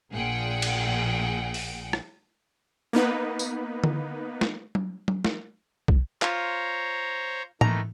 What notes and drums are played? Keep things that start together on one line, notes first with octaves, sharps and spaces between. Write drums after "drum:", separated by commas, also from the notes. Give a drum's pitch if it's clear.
A#1 A#2 G#4 F#5 G5
drum: cymbal
drum: open hi-hat
drum: rim click
A#3 B3 D#4 B4
drum: tambourine
drum: tom D3
drum: snare
drum: tom F#3
drum: tom F#3
drum: snare
drum: kick
F4 C5 C#5 A#5, drum: clap
D#3 E3 A3 A#5, drum: tom A2